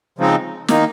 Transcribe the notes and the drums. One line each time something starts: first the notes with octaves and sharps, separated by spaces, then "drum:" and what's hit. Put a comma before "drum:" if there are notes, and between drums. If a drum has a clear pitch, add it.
C#3 F3 G#3 C4 D#4
D#3 A#3 D#4, drum: snare